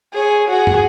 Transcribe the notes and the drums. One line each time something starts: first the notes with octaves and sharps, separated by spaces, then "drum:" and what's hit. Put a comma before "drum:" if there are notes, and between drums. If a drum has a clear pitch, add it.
G#4 C#5
F#4 G#4
drum: tom